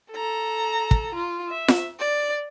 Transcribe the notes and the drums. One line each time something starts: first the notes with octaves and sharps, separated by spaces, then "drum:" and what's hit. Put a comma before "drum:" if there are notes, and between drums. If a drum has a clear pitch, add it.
A4 A#5
drum: kick
F4
E5
drum: snare F4
D5